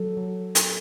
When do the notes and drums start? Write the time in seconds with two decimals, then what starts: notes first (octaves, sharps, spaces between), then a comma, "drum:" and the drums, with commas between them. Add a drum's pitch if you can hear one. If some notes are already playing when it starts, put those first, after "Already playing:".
Already playing: F#3 A4
0.17 F#3
0.55 drum: hi-hat